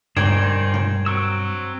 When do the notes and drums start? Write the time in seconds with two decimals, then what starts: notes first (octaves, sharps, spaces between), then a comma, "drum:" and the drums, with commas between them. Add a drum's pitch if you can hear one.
0.17 G2 D#3 C5 D5 G#5 G#6, drum: tom B2
0.74 drum: tom B2
1.06 F#3 C4 C#6 E6